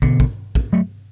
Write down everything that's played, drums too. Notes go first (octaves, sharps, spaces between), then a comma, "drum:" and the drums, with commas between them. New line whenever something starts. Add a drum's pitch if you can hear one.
B2 D3, drum: kick
drum: kick
drum: kick
F#3 A3